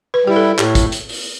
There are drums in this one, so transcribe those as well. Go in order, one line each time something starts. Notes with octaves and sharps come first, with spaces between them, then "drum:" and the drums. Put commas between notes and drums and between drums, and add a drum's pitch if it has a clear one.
B4
G3 E4 G4
A4
A2 G4, drum: clap
drum: kick, hi-hat
drum: hi-hat
drum: open hi-hat